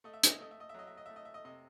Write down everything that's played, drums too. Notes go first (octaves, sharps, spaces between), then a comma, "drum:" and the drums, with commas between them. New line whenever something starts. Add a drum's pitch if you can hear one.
A3 D#5
E5
D#5, drum: hi-hat
E5
A3 D#5
E5
D#5
E5
F#3 D#5
E5
D#5
A3 E5
D#5
E5
D#5
C3 D#5